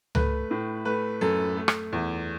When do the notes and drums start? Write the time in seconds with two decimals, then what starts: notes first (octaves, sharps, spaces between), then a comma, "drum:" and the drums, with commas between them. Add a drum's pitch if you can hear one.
0.15 A3 B4, drum: tom C#2
0.51 A2
0.85 A3 B4
1.21 F#2 A4
1.57 A3
1.68 drum: rim click
1.93 E2